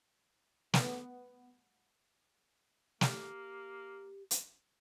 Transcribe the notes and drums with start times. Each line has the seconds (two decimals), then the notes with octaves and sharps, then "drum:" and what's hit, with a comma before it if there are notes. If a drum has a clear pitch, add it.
0.74 B3, drum: snare
3.01 A#3 G4, drum: snare
4.31 drum: hi-hat